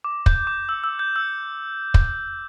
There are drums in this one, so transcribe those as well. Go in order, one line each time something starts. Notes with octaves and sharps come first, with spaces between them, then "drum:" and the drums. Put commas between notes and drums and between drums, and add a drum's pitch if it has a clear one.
D6
G6, drum: kick
D6
E6
E6
G6
E6
drum: kick